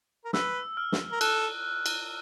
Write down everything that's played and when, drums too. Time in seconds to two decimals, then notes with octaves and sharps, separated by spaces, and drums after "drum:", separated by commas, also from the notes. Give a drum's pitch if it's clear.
0.25 A#4
0.33 B4 E6, drum: snare
0.77 F6
0.92 drum: snare
1.12 A#4
1.21 A4 F#6, drum: cymbal
1.86 drum: cymbal